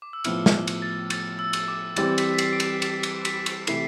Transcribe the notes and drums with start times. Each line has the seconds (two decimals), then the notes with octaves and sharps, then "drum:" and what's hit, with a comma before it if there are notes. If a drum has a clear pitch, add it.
0.02 D6
0.13 E6
0.24 A2 F3 B3 E4 F6, drum: cymbal
0.46 drum: snare
0.67 drum: cymbal
0.82 A6
1.10 A6, drum: cymbal
1.39 E6
1.53 drum: cymbal
1.68 D6
1.96 E3 G3 C4 A6, drum: cymbal
2.18 B6, drum: cymbal
2.34 B6
2.38 C7, drum: cymbal
2.53 D7
2.60 E7, drum: cymbal
2.82 A6, drum: cymbal
3.03 drum: cymbal
3.25 B6, drum: cymbal
3.46 drum: cymbal
3.67 C3 E3 A3 E4 C7, drum: cymbal